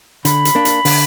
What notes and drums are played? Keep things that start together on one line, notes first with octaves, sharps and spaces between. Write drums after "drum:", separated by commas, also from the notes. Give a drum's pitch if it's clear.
D3 B5, drum: hi-hat
drum: hi-hat
A#3 D4
drum: hi-hat
D3, drum: open hi-hat